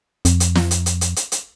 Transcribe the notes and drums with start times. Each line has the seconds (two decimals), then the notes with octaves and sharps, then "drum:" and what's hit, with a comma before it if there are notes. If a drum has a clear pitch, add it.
0.25 F2, drum: hi-hat
0.40 drum: hi-hat
0.55 drum: snare
0.71 drum: hi-hat
0.86 drum: hi-hat
1.01 drum: hi-hat
1.16 drum: hi-hat
1.32 drum: hi-hat